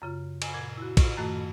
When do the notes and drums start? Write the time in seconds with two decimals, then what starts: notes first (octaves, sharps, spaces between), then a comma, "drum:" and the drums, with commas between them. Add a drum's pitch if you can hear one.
0.02 F#2 C#3 F4
0.42 G#5, drum: cymbal
0.54 A#2 G#6
0.78 E4 F#4
0.97 A2 F4, drum: kick, cymbal
1.17 F#2 D#3 A3 F#4 A5